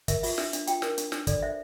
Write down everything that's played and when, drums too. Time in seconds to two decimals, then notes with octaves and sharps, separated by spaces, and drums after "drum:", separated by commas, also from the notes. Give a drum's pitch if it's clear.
0.08 A#4 E5, drum: kick, hi-hat
0.23 F4 E5, drum: open hi-hat
0.38 D4 E5, drum: snare
0.53 D4, drum: hi-hat
0.67 F4 G5, drum: hi-hat
0.82 A#4, drum: snare
0.98 D4, drum: hi-hat
1.12 D4, drum: snare
1.27 A4 D5, drum: kick, hi-hat
1.42 C5 E5